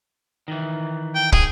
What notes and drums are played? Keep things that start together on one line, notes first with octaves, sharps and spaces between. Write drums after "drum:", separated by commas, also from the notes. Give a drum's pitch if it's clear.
D#3 E3
G5
G#4, drum: kick